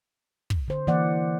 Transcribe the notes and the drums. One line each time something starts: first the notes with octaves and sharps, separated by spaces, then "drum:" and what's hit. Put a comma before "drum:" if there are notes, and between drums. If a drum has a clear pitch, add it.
drum: kick
D3 C5
E3 A#3 D5 F#5